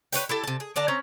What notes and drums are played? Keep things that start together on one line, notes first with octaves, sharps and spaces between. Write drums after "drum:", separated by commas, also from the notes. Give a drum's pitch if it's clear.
B4 C#5 G5, drum: hi-hat
E4 G4 A4
C3 A5
G#4
D3 D5 A5 A#5
C4 C#4 A#5